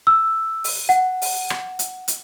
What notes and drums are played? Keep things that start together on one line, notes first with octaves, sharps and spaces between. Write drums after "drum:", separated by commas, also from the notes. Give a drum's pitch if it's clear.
E6
drum: open hi-hat
F#5
drum: open hi-hat
drum: rim click
drum: hi-hat
drum: hi-hat